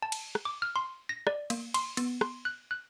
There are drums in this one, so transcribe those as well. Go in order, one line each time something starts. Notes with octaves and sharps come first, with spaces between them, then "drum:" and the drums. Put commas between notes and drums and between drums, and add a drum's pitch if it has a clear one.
A5
drum: cymbal
drum: rim click
D6
F6
C6
A#6
D5, drum: rim click
A#3, drum: cymbal
C6, drum: cymbal
B3, drum: cymbal
C6, drum: rim click
F#6
F#6